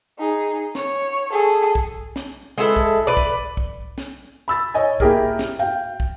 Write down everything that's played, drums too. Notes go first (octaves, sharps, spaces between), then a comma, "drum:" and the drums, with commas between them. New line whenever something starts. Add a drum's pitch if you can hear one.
D#4 G#4
C#5, drum: snare
G#4 A4
drum: kick
drum: snare
G#3 E4 A4 B4
drum: kick
B4 D5
drum: kick
drum: kick
drum: snare
B5 E6 A6
C#5 D#5 G#5
A#3 E4 G4 G#4 A#4, drum: kick
drum: snare
F5 G5
drum: kick